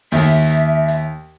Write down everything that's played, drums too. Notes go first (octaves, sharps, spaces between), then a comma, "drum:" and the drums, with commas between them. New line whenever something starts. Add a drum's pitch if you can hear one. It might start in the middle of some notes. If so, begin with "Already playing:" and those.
D#2 E5, drum: open hi-hat
drum: hi-hat
drum: hi-hat